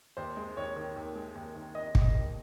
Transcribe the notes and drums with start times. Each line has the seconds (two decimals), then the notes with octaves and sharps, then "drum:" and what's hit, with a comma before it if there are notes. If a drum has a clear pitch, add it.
0.17 D#2 C5
0.37 G#3
0.57 D#2 C#5
0.76 D#3
0.96 D#2
1.15 G#3
1.35 D#2
1.55 D#3
1.75 D#2 D#5
1.95 G#3, drum: kick
2.01 D#5
2.15 D#2